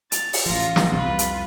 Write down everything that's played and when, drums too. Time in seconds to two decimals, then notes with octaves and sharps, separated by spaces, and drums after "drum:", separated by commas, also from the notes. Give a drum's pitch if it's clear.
0.12 A6 F7, drum: hi-hat
0.33 drum: open hi-hat
0.46 A1 F3 F4 A#6
0.76 drum: snare
0.93 C2 F2 C3 F4 B4
1.19 drum: hi-hat